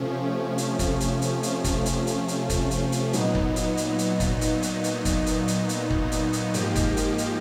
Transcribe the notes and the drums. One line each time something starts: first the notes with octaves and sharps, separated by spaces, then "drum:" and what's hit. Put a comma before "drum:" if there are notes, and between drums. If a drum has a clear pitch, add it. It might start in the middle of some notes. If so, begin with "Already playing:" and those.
Already playing: C3 F3 A3 C#4
drum: hi-hat
drum: kick, hi-hat
drum: hi-hat
drum: hi-hat
drum: hi-hat
drum: kick, hi-hat
drum: hi-hat
drum: hi-hat
drum: hi-hat
drum: kick, hi-hat
drum: hi-hat
drum: hi-hat
A#2 F#3 B3 D#4, drum: hi-hat
drum: kick
drum: hi-hat
drum: hi-hat
drum: hi-hat
drum: kick, hi-hat
drum: hi-hat
drum: hi-hat
drum: hi-hat
drum: kick, hi-hat
drum: hi-hat
drum: hi-hat
drum: hi-hat
drum: kick
drum: hi-hat
drum: hi-hat
G#2 F3 A#3 D#4 G4, drum: hi-hat
drum: kick, hi-hat
drum: hi-hat
drum: hi-hat